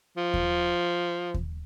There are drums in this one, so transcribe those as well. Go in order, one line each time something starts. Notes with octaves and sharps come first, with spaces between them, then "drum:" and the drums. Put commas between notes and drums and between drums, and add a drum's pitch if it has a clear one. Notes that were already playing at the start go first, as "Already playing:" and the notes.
F3
drum: kick D#2
drum: kick D#2